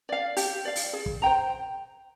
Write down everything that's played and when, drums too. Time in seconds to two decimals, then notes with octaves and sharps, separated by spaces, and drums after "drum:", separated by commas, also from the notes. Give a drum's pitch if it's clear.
0.09 D5 F5
0.37 G4, drum: open hi-hat
0.65 D5 F5
0.76 drum: open hi-hat
0.93 G#4
1.06 drum: kick
1.22 C5 G5 A#5